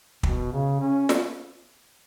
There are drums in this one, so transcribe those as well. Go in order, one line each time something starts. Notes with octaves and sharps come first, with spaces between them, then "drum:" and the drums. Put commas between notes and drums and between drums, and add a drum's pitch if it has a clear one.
B2, drum: kick
C#3
C#4
drum: snare